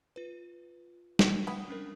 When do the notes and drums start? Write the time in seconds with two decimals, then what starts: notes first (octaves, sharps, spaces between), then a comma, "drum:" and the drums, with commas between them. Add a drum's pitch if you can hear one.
0.16 F4 B4
1.19 drum: snare
1.47 B3 E4 G5 D#6
1.69 C#4 D4 A#4